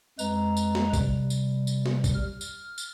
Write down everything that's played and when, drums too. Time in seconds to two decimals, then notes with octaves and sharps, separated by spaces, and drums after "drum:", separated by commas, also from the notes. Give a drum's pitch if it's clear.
0.19 F2 G#3 B4 A#5, drum: tambourine
0.57 drum: tambourine
0.75 drum: snare
0.93 C3 G3, drum: kick, tambourine
1.30 drum: tambourine
1.67 drum: tambourine
1.86 drum: snare
2.04 drum: kick, tambourine
2.14 F6
2.41 drum: tambourine
2.78 drum: tambourine